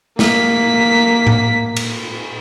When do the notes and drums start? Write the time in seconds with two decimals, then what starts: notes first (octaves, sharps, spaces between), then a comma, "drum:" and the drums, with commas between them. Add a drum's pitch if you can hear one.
0.19 A#3 B6, drum: snare
1.27 drum: tom A2
1.76 drum: cymbal